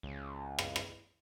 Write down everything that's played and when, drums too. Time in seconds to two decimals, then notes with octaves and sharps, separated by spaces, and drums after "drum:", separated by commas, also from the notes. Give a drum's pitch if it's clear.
0.03 C#2
0.59 drum: rim click
0.76 drum: rim click